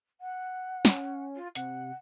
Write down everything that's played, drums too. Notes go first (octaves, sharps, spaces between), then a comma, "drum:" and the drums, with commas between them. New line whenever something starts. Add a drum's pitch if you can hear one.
F#5
C#4, drum: snare
F4
C3 F#5, drum: hi-hat